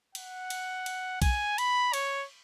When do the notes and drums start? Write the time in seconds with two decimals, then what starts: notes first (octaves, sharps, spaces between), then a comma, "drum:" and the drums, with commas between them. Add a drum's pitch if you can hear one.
0.15 F#5, drum: cymbal
0.50 drum: cymbal
0.86 drum: cymbal
1.22 G#5, drum: kick B1, cymbal
1.58 B5, drum: cymbal
1.94 C#5, drum: cymbal